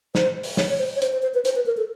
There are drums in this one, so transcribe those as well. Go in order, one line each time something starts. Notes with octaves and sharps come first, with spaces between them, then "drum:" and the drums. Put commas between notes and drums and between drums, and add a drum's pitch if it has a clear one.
C5, drum: snare
drum: open hi-hat
C#5, drum: snare
C#5
C5
C#5
C5, drum: hi-hat
C5
C5
B4
C5, drum: hi-hat
B4
A#4
A4